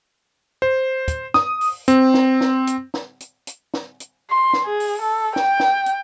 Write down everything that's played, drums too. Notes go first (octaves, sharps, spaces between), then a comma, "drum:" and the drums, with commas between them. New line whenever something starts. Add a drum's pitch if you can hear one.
C5
drum: kick, hi-hat
D#6, drum: snare
drum: open hi-hat
C4, drum: hi-hat
drum: snare
drum: snare
drum: hi-hat
drum: snare
drum: hi-hat
drum: hi-hat
drum: snare
drum: hi-hat
C6
drum: snare
G#4
drum: open hi-hat
A4
G5, drum: snare
drum: snare
drum: hi-hat